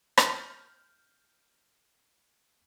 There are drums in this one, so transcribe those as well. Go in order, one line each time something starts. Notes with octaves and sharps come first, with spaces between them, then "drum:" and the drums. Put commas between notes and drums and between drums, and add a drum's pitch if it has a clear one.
F6 G6, drum: rim click